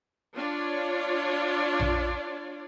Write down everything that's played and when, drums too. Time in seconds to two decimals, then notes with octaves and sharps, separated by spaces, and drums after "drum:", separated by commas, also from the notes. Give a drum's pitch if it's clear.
0.35 D4 F4 C#5 D5
1.80 drum: tom A#1